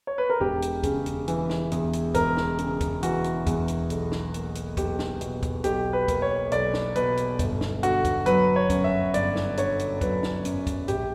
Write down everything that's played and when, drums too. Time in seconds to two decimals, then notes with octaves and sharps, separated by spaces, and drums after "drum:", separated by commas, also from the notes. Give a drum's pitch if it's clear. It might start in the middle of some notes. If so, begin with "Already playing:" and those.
0.07 C#5
0.18 B4
0.30 A#4
0.40 E1 G4
0.62 drum: hi-hat
0.84 C#3, drum: kick, hi-hat
1.06 drum: hi-hat
1.28 E3, drum: hi-hat
1.50 drum: snare
1.72 E2, drum: hi-hat
1.93 drum: hi-hat
2.15 E1 A#4, drum: kick, hi-hat
2.37 drum: snare
2.58 C#3, drum: hi-hat
2.81 drum: kick, hi-hat
3.03 E3 F#4, drum: hi-hat
3.24 drum: hi-hat
3.47 E2, drum: kick, hi-hat
3.68 drum: hi-hat
3.90 B1, drum: hi-hat
4.12 drum: snare
4.34 A#3, drum: hi-hat
4.55 drum: hi-hat
4.77 B1 G4, drum: kick, hi-hat
4.99 drum: snare
5.21 B2, drum: hi-hat
5.43 drum: kick, hi-hat
5.64 B1 G4, drum: hi-hat
5.93 B4
6.08 A#3, drum: kick, hi-hat
6.22 C#5
6.52 B1 D5, drum: hi-hat
6.74 drum: snare
6.96 B2 B4, drum: hi-hat
7.17 drum: hi-hat
7.39 G1, drum: kick, hi-hat
7.61 drum: snare
7.83 D3 F#4, drum: hi-hat
8.05 drum: kick, hi-hat
8.26 F#3 B4, drum: hi-hat
8.56 C#5
8.70 F#2, drum: kick, hi-hat
8.84 E5
9.14 G1 D5, drum: hi-hat
9.36 drum: snare
9.57 D3 C#5, drum: hi-hat
9.79 drum: hi-hat
10.01 F#3 B4, drum: kick, hi-hat
10.23 drum: snare
10.45 F#2, drum: hi-hat
10.67 drum: kick, hi-hat
10.88 A#1 G4, drum: hi-hat